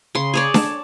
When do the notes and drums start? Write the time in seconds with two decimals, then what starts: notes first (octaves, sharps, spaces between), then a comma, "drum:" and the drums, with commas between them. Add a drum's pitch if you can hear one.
0.15 C#3 C6
0.34 G#4 C#5 D5
0.54 A5, drum: snare D4